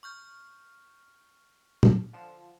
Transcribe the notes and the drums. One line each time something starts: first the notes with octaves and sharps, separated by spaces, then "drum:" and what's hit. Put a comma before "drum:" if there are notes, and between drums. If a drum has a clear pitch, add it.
C#6 F6 G6
drum: tom
D3 F3 E7